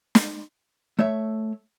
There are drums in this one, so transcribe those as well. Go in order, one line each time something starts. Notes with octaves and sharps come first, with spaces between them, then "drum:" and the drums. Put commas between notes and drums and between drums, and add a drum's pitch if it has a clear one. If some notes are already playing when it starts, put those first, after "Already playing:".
drum: snare
A3 C#5 E5